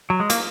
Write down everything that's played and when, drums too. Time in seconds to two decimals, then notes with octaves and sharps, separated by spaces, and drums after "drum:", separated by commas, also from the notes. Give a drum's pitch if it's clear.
0.10 F#3
0.20 G#3
0.30 A#3, drum: hi-hat